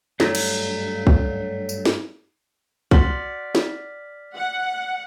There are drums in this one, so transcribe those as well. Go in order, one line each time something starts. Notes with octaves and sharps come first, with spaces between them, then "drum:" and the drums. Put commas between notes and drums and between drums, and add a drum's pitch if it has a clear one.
G2 F#3 A3, drum: snare
drum: cymbal
drum: kick B1
drum: tambourine
drum: snare
F#4 D5 C6 F6 B6, drum: kick B1
drum: snare
F#5